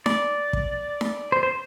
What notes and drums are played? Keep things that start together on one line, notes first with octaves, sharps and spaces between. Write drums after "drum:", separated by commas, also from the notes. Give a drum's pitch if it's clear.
D5, drum: snare D#4
drum: kick
drum: snare D#4
C5
C5